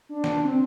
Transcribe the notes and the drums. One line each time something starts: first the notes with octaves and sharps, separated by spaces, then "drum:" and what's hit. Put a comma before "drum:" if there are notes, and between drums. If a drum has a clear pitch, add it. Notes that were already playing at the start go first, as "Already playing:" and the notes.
D4
drum: snare
C4